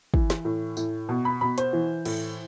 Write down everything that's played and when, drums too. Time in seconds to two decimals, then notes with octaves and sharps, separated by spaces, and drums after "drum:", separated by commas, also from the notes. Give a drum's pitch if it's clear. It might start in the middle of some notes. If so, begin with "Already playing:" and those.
0.14 E3, drum: kick
0.30 drum: snare
0.45 A2
0.77 A2, drum: tambourine
1.09 B2
1.25 B5
1.41 B2 B5
1.58 C5, drum: hi-hat
1.73 E3
2.05 A2, drum: cymbal